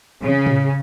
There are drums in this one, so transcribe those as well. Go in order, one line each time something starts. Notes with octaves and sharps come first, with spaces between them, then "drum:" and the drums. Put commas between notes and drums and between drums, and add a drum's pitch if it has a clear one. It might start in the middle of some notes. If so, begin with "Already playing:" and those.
C#3
drum: tom A2